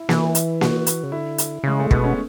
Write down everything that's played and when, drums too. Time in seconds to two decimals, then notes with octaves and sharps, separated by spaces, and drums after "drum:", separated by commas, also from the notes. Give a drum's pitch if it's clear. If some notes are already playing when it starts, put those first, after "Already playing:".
Already playing: E4
0.09 E3, drum: snare A#3
0.35 drum: hi-hat
0.61 F#4, drum: snare A#3
0.87 drum: hi-hat
1.03 C#3
1.12 D3 E4
1.38 drum: hi-hat
1.64 C#3 G#3
1.79 A3
1.91 B2 B3, drum: kick
2.04 C#4